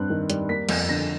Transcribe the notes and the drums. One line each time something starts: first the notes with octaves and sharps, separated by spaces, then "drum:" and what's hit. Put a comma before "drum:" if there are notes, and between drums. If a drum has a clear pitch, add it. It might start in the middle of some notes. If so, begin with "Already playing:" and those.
Already playing: G2 C4 F#6
D#3
G3, drum: hi-hat
A#3 B6
F2, drum: cymbal
D3 A#6